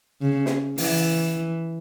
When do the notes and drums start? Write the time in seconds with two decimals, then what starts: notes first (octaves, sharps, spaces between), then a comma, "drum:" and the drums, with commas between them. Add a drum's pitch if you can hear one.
0.22 C#3
0.46 drum: snare
0.78 E3, drum: open hi-hat